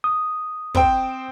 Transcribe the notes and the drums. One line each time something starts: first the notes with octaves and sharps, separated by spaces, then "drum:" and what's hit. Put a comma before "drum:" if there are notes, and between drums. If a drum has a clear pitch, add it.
D#6
C4 C5 G5, drum: kick